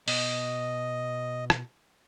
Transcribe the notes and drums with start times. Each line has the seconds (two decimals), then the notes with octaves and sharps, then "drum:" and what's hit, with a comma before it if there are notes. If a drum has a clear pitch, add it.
0.08 B2 D#5, drum: open hi-hat
1.50 drum: rim click